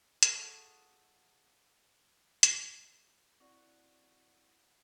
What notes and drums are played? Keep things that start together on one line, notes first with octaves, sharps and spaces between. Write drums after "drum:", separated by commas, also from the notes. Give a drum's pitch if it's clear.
F4 F#4 G#4 A4 D#5 E5, drum: hi-hat
drum: hi-hat
C4 E4 F#4 D5